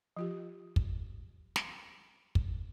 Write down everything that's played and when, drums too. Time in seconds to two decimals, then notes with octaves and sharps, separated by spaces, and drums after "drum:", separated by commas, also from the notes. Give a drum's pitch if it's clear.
0.17 F3 F4 G4
0.76 drum: kick
1.56 drum: snare
2.35 drum: kick